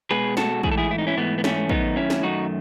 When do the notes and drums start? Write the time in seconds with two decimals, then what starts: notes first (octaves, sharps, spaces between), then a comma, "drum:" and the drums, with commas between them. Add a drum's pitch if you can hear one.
0.11 B2 G#3 G#4 B4
0.37 F#4 A4, drum: snare
0.63 G#2 E3 A3 G#4, drum: kick
0.71 A4
0.78 E4 G#4
0.91 E4
0.98 D#4
1.07 C#4 E4
1.17 G#2 E3 A3 B3
1.38 B3
1.44 A3 C#4, drum: snare
1.69 F#2 D#3 A3 B3 D#4, drum: kick
1.96 C#4 E4
2.10 drum: snare
2.23 F#2 D#3 A3 D#4 F#4